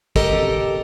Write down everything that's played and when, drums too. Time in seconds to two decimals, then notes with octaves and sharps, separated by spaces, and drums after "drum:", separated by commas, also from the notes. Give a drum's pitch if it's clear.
0.16 G4 A4 A#4 D#5, drum: kick
0.32 drum: tom D#3